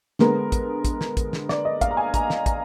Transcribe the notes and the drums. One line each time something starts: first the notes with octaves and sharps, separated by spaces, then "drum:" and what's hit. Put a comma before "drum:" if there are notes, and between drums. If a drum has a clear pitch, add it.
D3 G#3 B3 A#4, drum: snare
drum: kick, hi-hat
drum: kick, hi-hat
drum: snare
drum: kick, hi-hat
drum: snare
D5, drum: snare
D#5
F5, drum: kick, hi-hat
A#5
G#5
A#5, drum: kick, hi-hat
drum: snare
A#5, drum: kick, hi-hat